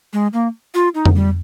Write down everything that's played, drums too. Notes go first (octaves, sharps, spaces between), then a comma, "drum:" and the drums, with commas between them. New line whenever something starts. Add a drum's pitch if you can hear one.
G#3
A#3
F4
D#4
drum: tom F2
G3